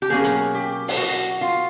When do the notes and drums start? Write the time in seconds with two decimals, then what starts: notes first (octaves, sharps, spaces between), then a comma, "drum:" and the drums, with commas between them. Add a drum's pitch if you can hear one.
0.02 G4
0.10 B2 F#3 A#3 C#4 G#4
0.24 drum: hi-hat
0.54 G4
0.88 drum: open hi-hat
0.97 F#4
1.41 F4